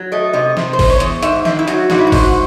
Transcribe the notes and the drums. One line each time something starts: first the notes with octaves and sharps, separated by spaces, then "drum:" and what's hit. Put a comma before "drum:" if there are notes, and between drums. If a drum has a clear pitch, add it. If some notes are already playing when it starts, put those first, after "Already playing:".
Already playing: F#3
A3 D#5
C3 D#5
C3, drum: snare
C5
E2, drum: kick G#1, open hi-hat
C#5
E2, drum: hi-hat
G#2 E5, drum: hi-hat
D#3 E5, drum: snare
E4
F#3 F#4, drum: hi-hat
G#2 F#4, drum: snare
E4
F#4
G#2, drum: kick G#1, open hi-hat